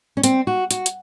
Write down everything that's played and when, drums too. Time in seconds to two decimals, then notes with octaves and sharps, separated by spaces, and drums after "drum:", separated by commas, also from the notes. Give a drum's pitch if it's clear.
0.17 C#4
0.24 C4, drum: hi-hat
0.47 F#4
0.71 F#4, drum: hi-hat
0.86 drum: hi-hat